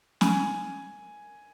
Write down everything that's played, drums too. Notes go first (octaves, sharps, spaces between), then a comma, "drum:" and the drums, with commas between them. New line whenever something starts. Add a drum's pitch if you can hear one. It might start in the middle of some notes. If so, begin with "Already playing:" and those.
G#5, drum: snare